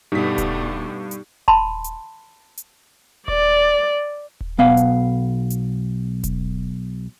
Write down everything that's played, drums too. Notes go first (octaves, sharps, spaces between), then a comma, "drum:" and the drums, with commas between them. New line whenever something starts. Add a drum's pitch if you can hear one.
G2 B2 G3 A3 D#4 G4 B6
drum: kick D#1, hi-hat
drum: hi-hat
A5 B5 C6, drum: kick D#1
drum: hi-hat
drum: hi-hat
D5, drum: kick D#1
drum: kick D#1
B1 B3 F5
drum: hi-hat
drum: hi-hat
drum: kick D#1, hi-hat